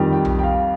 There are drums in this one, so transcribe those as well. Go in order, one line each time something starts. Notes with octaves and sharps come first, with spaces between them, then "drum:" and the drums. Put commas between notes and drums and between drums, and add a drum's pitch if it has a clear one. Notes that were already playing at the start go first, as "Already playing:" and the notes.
Already playing: F2 D#3 G3
G5
drum: tom B1
G5
F5